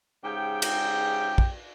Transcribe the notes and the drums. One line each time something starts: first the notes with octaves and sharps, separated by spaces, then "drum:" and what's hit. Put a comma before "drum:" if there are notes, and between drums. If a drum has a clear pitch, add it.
G#2 C#3 G4 G5
drum: cymbal
drum: kick